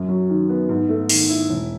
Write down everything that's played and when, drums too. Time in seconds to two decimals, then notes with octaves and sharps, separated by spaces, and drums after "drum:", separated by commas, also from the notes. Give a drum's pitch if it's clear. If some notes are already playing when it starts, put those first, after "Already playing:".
Already playing: F#2
0.09 F#3
0.30 D#3
0.49 B3
0.69 G#2
0.89 A3
1.09 D#3, drum: open hi-hat
1.29 E4
1.49 E1